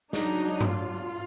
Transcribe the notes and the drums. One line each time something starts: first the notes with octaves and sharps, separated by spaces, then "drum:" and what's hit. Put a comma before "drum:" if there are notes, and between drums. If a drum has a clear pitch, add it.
F#3 D4 D#4, drum: snare
drum: tom G2
F4